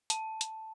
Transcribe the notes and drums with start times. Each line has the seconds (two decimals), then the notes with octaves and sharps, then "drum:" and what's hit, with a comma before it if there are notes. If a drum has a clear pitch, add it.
0.10 A5, drum: hi-hat
0.41 drum: hi-hat